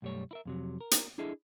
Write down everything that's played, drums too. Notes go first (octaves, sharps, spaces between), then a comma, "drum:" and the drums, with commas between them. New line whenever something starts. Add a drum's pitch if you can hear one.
B1 F#2 G3 A3 C#5
E4 A#4 E5
F2 C3 F#3
A#4
drum: hi-hat
D4 E4 G#4 A4 D#5 E5